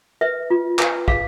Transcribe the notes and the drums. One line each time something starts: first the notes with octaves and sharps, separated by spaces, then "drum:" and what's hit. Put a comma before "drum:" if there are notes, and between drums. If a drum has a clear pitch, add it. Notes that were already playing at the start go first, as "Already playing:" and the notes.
B4 E5
F4
B4, drum: clap
G#4 F5, drum: kick